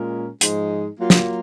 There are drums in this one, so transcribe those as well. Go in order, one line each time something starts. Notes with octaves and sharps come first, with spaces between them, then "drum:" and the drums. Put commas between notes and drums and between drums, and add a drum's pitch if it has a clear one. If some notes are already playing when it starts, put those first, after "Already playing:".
Already playing: A#2 G#3 C#4 F4 A#4
G#2 F3 G#3 D#4 G#4, drum: hi-hat
F#3 A#3 F4
drum: snare